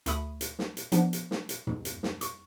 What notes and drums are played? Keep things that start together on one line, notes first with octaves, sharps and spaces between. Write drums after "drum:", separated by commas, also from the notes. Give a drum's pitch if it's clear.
D2 A3 B5 D#6, drum: hi-hat
drum: hi-hat
drum: snare
drum: hi-hat
F3 B3 D4, drum: hi-hat
drum: hi-hat
drum: snare
drum: hi-hat
drum: tom
drum: hi-hat
drum: snare
C#6, drum: hi-hat